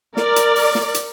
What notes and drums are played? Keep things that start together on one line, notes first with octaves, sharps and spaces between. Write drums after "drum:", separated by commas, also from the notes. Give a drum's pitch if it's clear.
A#4 D5, drum: snare
drum: hi-hat
drum: open hi-hat
drum: snare
drum: hi-hat